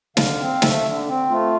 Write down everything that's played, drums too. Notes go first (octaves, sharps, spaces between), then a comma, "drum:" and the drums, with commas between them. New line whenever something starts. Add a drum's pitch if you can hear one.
D3 F5, drum: snare
C4
A3 E5, drum: snare
D3
C4
A3 F4